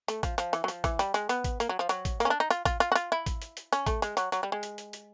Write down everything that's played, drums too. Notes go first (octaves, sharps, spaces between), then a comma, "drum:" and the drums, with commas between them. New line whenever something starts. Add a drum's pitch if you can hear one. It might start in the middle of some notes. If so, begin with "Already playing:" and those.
A3, drum: hi-hat
F3, drum: kick, hi-hat
F3, drum: hi-hat
E3, drum: hi-hat
F#3
F3, drum: hi-hat
E3, drum: kick, hi-hat
G3, drum: hi-hat
G#3, drum: hi-hat
B3, drum: hi-hat
drum: kick, hi-hat
A#3, drum: hi-hat
F#3
F3
F#3, drum: hi-hat
drum: kick, hi-hat
A#3 C#4, drum: hi-hat
D4
D#4
F4, drum: hi-hat
F4, drum: kick, hi-hat
F4, drum: hi-hat
F#4
F4, drum: hi-hat
E4
drum: kick, hi-hat
drum: hi-hat
drum: hi-hat
C#4, drum: hi-hat
A3, drum: kick, hi-hat
G#3, drum: hi-hat
F#3, drum: hi-hat
F#3, drum: hi-hat
G3
G#3
drum: hi-hat
drum: hi-hat
drum: hi-hat